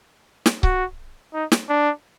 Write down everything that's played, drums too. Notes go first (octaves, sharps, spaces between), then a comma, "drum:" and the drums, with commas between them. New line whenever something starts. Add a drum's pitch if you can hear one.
drum: snare
F#4, drum: kick C#1
D#4
drum: snare
D4